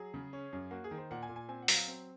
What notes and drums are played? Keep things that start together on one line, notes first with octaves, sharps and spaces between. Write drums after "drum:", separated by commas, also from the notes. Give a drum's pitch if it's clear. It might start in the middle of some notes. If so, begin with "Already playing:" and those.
Already playing: F#3 G#4
C#3
C#4
F#2
A#3 F#4
G#4
D#3
C5
A#2 F#5
G#5
A#2
G#5
C4 G#5
F#5
F#3, drum: open hi-hat
F5
C4